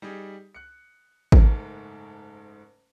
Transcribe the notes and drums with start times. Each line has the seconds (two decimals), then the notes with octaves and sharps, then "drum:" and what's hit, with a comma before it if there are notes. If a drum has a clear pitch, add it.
0.02 G3 D#4 G4 G#4
0.55 F#6 C#7
1.32 F#1 G#2 A3 A#4, drum: kick G#1